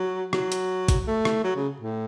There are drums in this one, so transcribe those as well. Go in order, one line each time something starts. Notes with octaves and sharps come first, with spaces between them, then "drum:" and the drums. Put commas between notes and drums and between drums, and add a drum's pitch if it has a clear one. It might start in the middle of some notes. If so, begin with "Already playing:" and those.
Already playing: F#3
F#3, drum: rim click
drum: hi-hat
drum: kick, hi-hat
A3
drum: rim click
F#3
C#3
A2